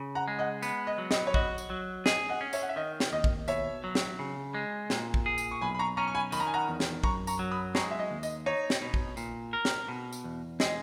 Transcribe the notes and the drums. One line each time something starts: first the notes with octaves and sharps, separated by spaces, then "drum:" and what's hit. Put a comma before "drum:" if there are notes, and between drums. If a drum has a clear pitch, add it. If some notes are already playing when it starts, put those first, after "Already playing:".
Already playing: C#3
F#5 A#5
G#3
D#5 F#5
B3, drum: tambourine
D#5
F#3
D#5, drum: snare
C#5
F#4 D#5, drum: kick A#1
drum: tambourine
F#3
G#4 D#5, drum: snare
D#5 F#5
C#4
C#5 E5, drum: tambourine
F#5
E5
D#3 D#5
drum: snare
D#2 D#5
drum: kick A#1
B2 C#5 E5, drum: tambourine
F#3
drum: snare
C#3
G#3
A#2, drum: snare
drum: kick A#1
G#4
drum: tambourine
C#6
B1 G#5 B5
B5
A#5 C#6
C#4 A#5 C#6
C#6
G#5 B5
D#3 B5, drum: tambourine
A#5
G#5
F#5 A#5
E2
drum: snare
F#2 A#5 C#6, drum: kick A#1
A#5 C#6, drum: tambourine
F#3
B5 D#6
G#3 A#5 C#6, drum: snare
E5
D#5
D#2
D#5, drum: tambourine
D#4 C#5
drum: snare
B2
drum: kick A#1
A#2, drum: tambourine
A#4
drum: snare
B2
drum: tambourine
E2
G#3 D#5, drum: snare